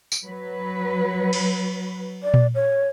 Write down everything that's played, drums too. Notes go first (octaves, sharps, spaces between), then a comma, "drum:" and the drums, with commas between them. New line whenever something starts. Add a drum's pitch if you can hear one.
drum: tambourine
F#3 B4
drum: cymbal
D5
drum: tom A#2
C#5